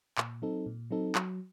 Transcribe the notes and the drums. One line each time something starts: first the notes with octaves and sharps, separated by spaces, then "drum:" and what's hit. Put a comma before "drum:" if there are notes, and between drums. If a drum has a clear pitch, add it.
A#2, drum: clap
F#3 C4 D#4 A4
A#2
F#3 C4 D#4 A4
F#3, drum: clap